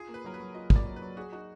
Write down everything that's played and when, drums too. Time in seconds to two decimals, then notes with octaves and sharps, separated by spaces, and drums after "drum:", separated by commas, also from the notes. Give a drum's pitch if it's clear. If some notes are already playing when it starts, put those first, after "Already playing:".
Already playing: F4 G#4
0.08 A#3
0.14 B4
0.24 F#3 A#4
0.34 B4
0.40 F#3
0.55 F4 D#5
0.70 A#3, drum: kick
0.76 D5
0.86 F#3
0.96 B4
1.02 F#3
1.17 F#4 G#4
1.32 D#4 F#4